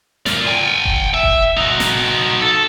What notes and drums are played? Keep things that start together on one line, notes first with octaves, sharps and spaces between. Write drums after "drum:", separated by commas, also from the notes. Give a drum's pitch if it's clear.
A#4 D5, drum: snare
G5 G#5
drum: kick D#1
E5
drum: kick D#1
D#4 F#4
drum: snare
A4